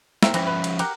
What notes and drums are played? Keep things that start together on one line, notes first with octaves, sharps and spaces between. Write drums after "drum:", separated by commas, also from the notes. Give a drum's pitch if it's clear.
C4 A#4 E5, drum: snare
E3 F3 C4 C#4 E5, drum: cymbal
B4
drum: cymbal
G4 A#4 F#5, drum: cymbal